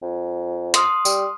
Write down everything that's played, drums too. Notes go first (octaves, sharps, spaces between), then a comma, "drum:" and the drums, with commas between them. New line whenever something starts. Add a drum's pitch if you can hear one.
F2
C6 D#6 F6, drum: hi-hat
G3, drum: tambourine